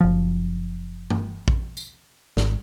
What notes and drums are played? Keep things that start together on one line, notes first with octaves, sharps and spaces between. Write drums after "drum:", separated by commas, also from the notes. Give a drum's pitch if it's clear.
F#1 F3
drum: tom G2
drum: kick
drum: tambourine
G#1, drum: snare